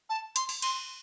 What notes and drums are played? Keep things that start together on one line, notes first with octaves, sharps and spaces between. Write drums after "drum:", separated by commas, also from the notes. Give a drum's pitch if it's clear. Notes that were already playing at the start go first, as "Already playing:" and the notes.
A5
C6, drum: hi-hat
drum: open hi-hat
C6, drum: cymbal